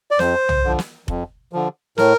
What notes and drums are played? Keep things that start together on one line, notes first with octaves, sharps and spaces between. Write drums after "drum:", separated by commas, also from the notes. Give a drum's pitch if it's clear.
D5
F2 C5, drum: snare
drum: tom
D3 F3
drum: snare
F2, drum: kick F1
D3 F3
A2 A#4, drum: snare